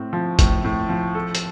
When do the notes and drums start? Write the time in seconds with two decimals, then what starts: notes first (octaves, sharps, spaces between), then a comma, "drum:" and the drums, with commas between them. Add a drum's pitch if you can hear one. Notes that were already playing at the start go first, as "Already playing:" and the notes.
Already playing: A2 C4
0.13 F3
0.39 A2, drum: kick G1, hi-hat
0.64 A2
0.89 F3
1.15 A4
1.35 drum: hi-hat